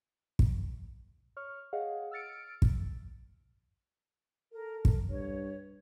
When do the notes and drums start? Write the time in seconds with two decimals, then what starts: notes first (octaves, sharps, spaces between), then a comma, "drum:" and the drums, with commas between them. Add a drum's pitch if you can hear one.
0.39 drum: kick
1.37 C#5 C#6 F6
1.73 G#4 C#5 D#5 F5 F#5
2.11 E6 F6 A6 C#7 D7
2.62 drum: kick
4.54 A4 A#4
4.85 drum: kick
5.08 G2 C#5